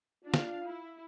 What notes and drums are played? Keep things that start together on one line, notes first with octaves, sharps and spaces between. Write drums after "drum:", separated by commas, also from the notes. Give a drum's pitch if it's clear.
D4 F4 F5
drum: snare
E4